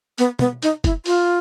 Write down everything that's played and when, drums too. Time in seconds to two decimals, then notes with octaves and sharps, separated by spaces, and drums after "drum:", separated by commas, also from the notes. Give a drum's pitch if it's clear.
0.18 B3, drum: hi-hat
0.39 B3, drum: tom
0.63 D#4, drum: hi-hat
0.84 E4, drum: kick F1, hi-hat
1.06 F4, drum: open hi-hat